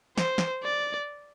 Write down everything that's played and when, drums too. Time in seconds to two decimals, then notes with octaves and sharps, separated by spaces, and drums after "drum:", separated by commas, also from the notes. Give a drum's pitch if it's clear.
0.18 C5, drum: snare
0.38 drum: snare
0.63 D5